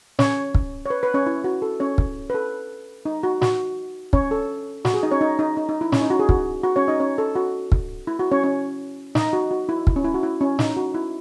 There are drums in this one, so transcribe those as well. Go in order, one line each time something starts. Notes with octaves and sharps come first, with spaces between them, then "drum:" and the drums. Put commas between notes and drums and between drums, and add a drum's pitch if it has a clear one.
C#4 C#5, drum: snare
drum: kick
C#5
B4
B4
C#4 C#5
E4
F#4
A4
C#4 C#5
drum: kick
B4
A4
D#4
F#4
F#4, drum: snare
C#4 C#5, drum: kick
A4
F#4, drum: snare
G#4
D#4 D#5
C#4 C#5
D#4
D#4
D#4
D#4
E4
C#4, drum: snare
D#4
F#4
G#4
F#4, drum: kick
F#4
C#4 C#5
D#4 D#5
C#4 C#5
A4
F#4
drum: kick
E4
F#4
C#4 C#5
C#4 C#5
D#4 D#5, drum: snare
F#4
F#4
E4
drum: kick
C#4
E4
F#4
E4
C#4
D#4, drum: snare
F#4
E4